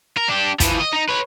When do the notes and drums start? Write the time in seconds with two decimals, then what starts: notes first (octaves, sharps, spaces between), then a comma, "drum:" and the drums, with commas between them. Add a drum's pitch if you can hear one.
0.17 A#4
0.29 D4 G4
0.60 E3 F3, drum: kick, hi-hat
0.80 D#5
0.93 D#4
1.09 B4 C#5